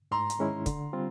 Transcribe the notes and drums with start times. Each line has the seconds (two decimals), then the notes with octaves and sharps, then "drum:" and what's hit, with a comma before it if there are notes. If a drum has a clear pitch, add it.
0.11 G#2 A#5 C6
0.30 drum: hi-hat
0.39 D#3 G#3 C#4 E4
0.66 D3, drum: kick, hi-hat
0.93 G3 C4 F4